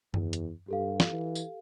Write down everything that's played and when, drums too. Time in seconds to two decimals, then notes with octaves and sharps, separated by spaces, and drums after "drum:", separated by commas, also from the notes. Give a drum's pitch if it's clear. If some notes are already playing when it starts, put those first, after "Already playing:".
0.14 E2, drum: tom F#2
0.33 drum: hi-hat
0.68 G2 G4 A4 F5
1.00 drum: snare
1.10 E3
1.35 drum: tambourine